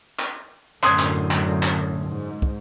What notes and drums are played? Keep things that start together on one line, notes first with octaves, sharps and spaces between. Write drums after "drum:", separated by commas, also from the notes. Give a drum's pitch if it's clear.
drum: clap
F#2 A2 D3 C6 D#6 G#6, drum: clap
drum: clap
drum: clap
drum: clap
G#2
drum: kick